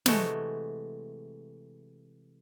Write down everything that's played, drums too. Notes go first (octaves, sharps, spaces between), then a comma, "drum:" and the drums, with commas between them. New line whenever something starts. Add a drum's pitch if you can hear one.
C3 E3 G#3 A3 F#4, drum: snare